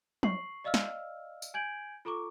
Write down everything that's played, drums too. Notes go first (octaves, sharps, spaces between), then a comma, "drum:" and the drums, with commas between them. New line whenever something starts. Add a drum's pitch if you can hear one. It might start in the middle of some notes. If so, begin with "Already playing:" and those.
C#6 C7 F#7, drum: tom
D5 D#5 F5 E6 F6
drum: snare
drum: tambourine
G#5 G6 G#6 D7 F#7
F4 A4 A#5 C#6 D6